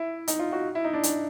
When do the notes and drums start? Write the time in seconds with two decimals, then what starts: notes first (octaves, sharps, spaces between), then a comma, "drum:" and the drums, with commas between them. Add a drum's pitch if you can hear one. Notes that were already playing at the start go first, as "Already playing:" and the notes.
Already playing: E4
0.28 D#4, drum: hi-hat
0.39 F4
0.52 F#4
0.75 E4
0.84 D#4
0.93 D4
1.03 drum: hi-hat